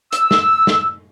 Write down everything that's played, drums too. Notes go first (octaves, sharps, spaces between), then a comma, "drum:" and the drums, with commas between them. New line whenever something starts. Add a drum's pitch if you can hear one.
E6, drum: hi-hat
drum: snare
drum: snare